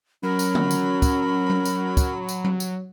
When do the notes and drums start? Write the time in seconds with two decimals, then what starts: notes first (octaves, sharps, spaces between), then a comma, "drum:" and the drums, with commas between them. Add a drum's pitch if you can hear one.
0.23 F#3 C#4 A#4 B5
0.39 drum: tambourine
0.55 drum: tom
0.71 drum: tambourine
1.02 drum: kick, tambourine
1.50 drum: tom F#3
1.65 drum: tambourine
1.97 drum: kick, tambourine
2.29 drum: tambourine
2.44 drum: tom F#3
2.60 drum: tambourine